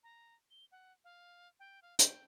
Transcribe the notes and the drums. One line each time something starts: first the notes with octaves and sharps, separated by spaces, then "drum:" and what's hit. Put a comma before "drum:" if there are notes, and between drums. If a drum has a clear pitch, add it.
A#5
G7
F#5
F5
G5
F5
G5, drum: hi-hat